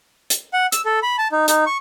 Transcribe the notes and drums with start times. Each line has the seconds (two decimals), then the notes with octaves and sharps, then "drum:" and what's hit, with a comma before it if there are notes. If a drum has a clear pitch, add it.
0.30 drum: hi-hat
0.53 F#5
0.72 E6, drum: hi-hat
0.86 A4
1.03 B5
1.18 A5
1.32 D#4
1.48 D#4, drum: hi-hat
1.66 C#6